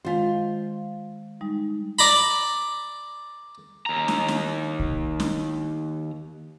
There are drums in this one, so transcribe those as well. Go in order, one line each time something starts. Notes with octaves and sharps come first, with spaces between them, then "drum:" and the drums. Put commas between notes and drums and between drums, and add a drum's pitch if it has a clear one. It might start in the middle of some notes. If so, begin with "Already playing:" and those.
D#3 G#3 F4 C5
G3 G#3 D#4
D5 A#5 B5, drum: open hi-hat
D#2 A#5
drum: snare
drum: snare
drum: kick
drum: snare